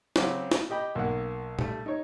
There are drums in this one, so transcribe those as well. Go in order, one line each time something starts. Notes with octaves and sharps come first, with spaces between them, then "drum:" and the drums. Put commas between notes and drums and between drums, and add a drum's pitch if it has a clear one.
C#3 F#3 C4 G4, drum: snare
drum: snare
G4 D#5 G5 B5
B1 A#3 F#5
G3 A3, drum: tom
D#4 C#5